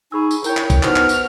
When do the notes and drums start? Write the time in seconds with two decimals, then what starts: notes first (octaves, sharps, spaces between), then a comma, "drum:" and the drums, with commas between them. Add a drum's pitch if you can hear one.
0.12 D#4 G#4 B5 C#6 E6
0.31 drum: tambourine
0.44 E4 A#4 C#5 G5 A#5 G6, drum: tambourine
0.57 drum: clap
0.70 drum: kick, tambourine
0.83 B2 F3 D#4 F#4 F6, drum: clap
0.96 drum: clap
1.09 drum: tambourine